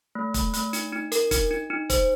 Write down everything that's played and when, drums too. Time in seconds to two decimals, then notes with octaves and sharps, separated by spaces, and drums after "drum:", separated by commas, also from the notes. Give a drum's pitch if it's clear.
0.15 A3
0.34 A3, drum: kick, hi-hat
0.54 A3, drum: hi-hat
0.73 D#4, drum: hi-hat
0.92 D#4
1.12 A#4, drum: hi-hat
1.31 D#4, drum: kick, hi-hat
1.51 D#4
1.70 D#4
1.90 C5, drum: kick, hi-hat